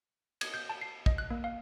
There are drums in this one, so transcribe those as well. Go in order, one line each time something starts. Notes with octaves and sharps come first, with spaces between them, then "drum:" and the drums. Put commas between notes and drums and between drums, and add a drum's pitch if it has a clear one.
G#6, drum: cymbal
G6
A5
C7
D#5, drum: kick
F#6
A#3
F5